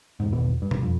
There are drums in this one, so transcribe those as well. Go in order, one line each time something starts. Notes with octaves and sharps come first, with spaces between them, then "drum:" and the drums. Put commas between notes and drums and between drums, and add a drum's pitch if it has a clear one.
E1 G#2
G#1 E2 B2 E3
G2
drum: tom
F2